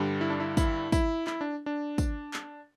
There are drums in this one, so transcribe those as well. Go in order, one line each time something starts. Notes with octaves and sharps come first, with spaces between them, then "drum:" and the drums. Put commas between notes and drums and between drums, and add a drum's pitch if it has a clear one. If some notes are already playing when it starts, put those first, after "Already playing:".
Already playing: G2 D3 G3
E4
D4
E4
E4, drum: kick, tambourine
E4, drum: kick, tambourine
E4, drum: clap
D4
D4
drum: kick, tambourine
drum: clap